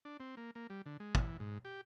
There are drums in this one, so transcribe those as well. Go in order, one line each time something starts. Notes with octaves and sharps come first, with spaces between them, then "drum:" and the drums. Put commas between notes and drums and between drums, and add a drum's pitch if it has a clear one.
D4
C4
A#3
A#3
G3
D3
G#3
E3, drum: kick
G#2
G4